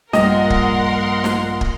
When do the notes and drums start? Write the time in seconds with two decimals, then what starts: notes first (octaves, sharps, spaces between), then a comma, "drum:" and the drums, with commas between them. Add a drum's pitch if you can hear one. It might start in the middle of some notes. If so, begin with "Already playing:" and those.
0.13 A#1 G2 A#2 G3 A#4 D#5 F#5 C6, drum: snare
0.50 drum: kick
1.24 drum: snare
1.61 drum: kick